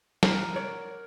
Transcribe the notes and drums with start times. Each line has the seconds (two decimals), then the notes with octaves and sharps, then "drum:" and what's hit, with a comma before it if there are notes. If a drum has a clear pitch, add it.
0.23 A#4 F#5, drum: snare
0.56 C#5 D5